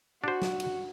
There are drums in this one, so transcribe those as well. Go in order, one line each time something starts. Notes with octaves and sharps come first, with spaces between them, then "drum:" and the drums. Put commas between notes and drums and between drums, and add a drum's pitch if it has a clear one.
D4 F#4 C5
drum: snare
drum: cymbal